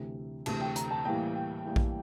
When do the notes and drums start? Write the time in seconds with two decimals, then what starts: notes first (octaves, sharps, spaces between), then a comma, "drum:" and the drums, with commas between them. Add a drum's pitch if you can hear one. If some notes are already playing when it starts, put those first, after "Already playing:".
Already playing: D2 C3 E3 A3
0.46 D2 C3 E3 A3 A5, drum: cymbal
0.61 G5
0.76 A#5, drum: hi-hat
0.91 A5
1.05 A2 E3 G3 A#3 G5
1.35 G5
1.64 A2 E3 G3 A#3
1.76 drum: kick A#1